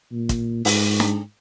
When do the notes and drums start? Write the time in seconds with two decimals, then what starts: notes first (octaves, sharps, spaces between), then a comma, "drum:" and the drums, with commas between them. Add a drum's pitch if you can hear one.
0.12 A#2
0.29 drum: kick, hi-hat
0.65 G#2, drum: open hi-hat
1.00 drum: snare D4